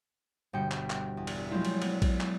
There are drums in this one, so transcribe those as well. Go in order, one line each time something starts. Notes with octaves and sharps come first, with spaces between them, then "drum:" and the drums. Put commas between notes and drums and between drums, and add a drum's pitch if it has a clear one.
G1 B2 G5 C#7
G5, drum: clap
drum: clap
E2
drum: cymbal
F3 F#3 G#3 C4 E4 F4
drum: cymbal
B3, drum: cymbal
drum: kick A#1, cymbal
drum: clap